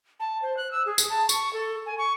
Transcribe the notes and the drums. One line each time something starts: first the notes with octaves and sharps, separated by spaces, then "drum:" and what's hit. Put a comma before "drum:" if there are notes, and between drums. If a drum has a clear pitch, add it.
A5
C5
F#6
E6
G#4
drum: tambourine
A5
C#6, drum: tambourine
A4
G#5
C#6